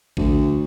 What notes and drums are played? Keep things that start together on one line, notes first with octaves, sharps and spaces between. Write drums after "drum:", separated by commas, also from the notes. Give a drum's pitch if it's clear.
D2, drum: kick A1